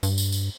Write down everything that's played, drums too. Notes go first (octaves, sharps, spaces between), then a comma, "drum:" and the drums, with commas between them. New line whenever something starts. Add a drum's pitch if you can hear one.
G2, drum: tambourine
drum: tambourine
drum: tambourine